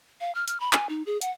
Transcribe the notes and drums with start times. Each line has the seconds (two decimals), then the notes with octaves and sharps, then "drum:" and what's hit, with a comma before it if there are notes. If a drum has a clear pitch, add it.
0.21 F5
0.35 F6
0.48 F6, drum: hi-hat
0.60 B5
0.73 G#5, drum: clap
0.89 D#4
1.06 G#4
1.21 F#5, drum: hi-hat